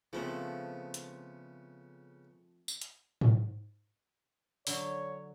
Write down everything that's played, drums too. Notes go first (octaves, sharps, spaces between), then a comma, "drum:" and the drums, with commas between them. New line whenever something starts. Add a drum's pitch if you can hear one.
C#3 F3 A3 B3 C4
drum: hi-hat
drum: tambourine
drum: hi-hat
drum: tom G#2
D3 F#3 C#5, drum: open hi-hat